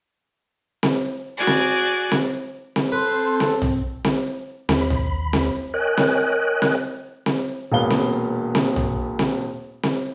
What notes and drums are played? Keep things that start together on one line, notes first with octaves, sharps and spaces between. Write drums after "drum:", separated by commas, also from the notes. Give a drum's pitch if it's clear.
drum: snare C4
F#4 G#4 D5
drum: snare C4
drum: snare C4
drum: snare C4
C4 A4 B4 C5 C6
drum: snare C4
drum: tom
drum: snare C4
D#2 B5, drum: snare C4
drum: tom
drum: snare C4
A#4 C#5 D#5 G5 G#5 F#6
drum: snare C4
drum: snare C4
drum: snare C4
E1 A#2 B3 C#5 F5 G7
drum: snare C4
drum: snare C4
drum: tom
drum: snare C4
drum: snare C4